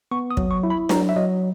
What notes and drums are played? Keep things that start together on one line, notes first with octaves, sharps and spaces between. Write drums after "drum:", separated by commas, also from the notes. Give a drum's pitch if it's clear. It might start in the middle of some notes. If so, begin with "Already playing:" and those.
B3 C#6
D#6
F#3, drum: kick
C#6
E4
B5
F#3 A#5, drum: snare D4
E5
F#3 D#5